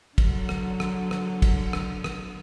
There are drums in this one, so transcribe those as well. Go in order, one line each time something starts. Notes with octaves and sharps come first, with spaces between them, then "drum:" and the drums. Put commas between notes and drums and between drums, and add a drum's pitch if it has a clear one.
D3 F#3, drum: kick, cymbal
drum: rim click
drum: rim click
drum: rim click
drum: kick, cymbal
drum: rim click
drum: rim click